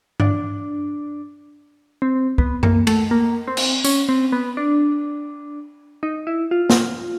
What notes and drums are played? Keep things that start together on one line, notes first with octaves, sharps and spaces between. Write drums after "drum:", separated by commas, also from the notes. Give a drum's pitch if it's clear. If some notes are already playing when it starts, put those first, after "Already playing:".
D4, drum: tom G2
C4
B3, drum: kick
A#3, drum: tom F#2
A3, drum: cymbal
A#3
C4
drum: cymbal
C#4, drum: tambourine
C4
B3
D4
D#4
E4
F4
drum: snare